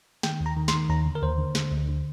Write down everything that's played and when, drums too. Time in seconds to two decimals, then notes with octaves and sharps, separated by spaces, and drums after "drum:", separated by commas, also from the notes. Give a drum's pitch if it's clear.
0.23 D#3 G5, drum: snare
0.40 D#2
0.46 A#5
0.56 D#3
0.68 C6, drum: snare
0.74 D#3
0.89 D#2 A#5
1.06 D3
1.15 A#4
1.23 D#2 C5
1.38 D3
1.55 D3, drum: snare
1.71 D2
1.88 D3